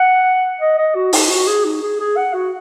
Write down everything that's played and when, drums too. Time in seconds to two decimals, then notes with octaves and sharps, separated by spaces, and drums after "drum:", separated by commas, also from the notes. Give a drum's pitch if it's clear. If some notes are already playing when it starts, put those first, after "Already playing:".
Already playing: F#5
0.61 D#5
0.78 D#5
0.95 F#4
1.13 D#4, drum: open hi-hat
1.30 F#4
1.47 G#4
1.65 D#4
1.82 G#4
2.00 G#4
2.17 F#5
2.34 F#4